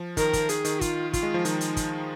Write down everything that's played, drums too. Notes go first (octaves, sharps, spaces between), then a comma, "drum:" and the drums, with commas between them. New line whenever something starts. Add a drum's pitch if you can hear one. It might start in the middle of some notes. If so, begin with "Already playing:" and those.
Already playing: F3
D#3 A#4, drum: kick, hi-hat
drum: kick, hi-hat
D#3 G#4, drum: hi-hat
D#3, drum: hi-hat
F4, drum: kick, hi-hat
F4, drum: kick, hi-hat
G#3
F3
D#3 D#4, drum: hi-hat
drum: hi-hat
drum: kick, hi-hat